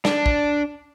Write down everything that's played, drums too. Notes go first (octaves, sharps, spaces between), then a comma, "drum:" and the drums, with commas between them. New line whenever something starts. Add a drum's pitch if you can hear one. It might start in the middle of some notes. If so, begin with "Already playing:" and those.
D4, drum: snare
drum: kick